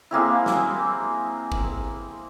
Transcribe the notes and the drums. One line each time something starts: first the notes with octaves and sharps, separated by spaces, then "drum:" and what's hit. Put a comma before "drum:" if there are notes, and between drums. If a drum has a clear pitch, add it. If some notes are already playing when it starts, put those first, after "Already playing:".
G#3 A#3 C4 E4
drum: snare
drum: kick